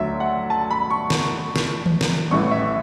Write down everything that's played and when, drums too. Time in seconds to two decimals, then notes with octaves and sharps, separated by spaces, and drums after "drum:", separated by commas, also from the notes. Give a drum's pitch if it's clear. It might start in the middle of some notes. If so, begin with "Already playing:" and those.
Already playing: D2 D3 F#3 E5
0.20 F#5
0.50 A5
0.71 B5
0.90 C#6
1.10 drum: snare
1.56 drum: snare
1.86 drum: tom D#3
2.01 drum: snare
2.31 A1 A2 E3 A3 C#6
2.51 E5